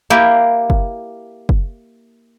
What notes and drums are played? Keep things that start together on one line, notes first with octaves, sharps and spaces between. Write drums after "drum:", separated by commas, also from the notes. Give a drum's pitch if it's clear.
A#3 E4 G4
drum: kick
drum: kick